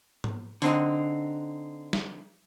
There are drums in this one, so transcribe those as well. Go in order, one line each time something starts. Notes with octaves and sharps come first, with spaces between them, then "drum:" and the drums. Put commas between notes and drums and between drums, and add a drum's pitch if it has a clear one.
drum: tom G#2
D3 C4 D#4, drum: open hi-hat
drum: snare